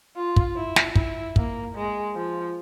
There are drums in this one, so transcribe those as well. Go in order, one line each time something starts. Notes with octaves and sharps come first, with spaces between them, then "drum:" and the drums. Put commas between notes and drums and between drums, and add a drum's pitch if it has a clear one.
F4
drum: kick
E4
drum: snare
E4, drum: kick
A#3, drum: kick
G#3
F3